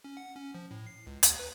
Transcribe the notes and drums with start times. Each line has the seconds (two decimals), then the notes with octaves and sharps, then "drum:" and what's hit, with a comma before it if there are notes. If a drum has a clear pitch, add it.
0.04 C#4
0.17 F#5
0.36 C#4
0.55 F3
0.71 A2
0.87 C7
1.07 C#2
1.23 D#2, drum: hi-hat
1.39 B4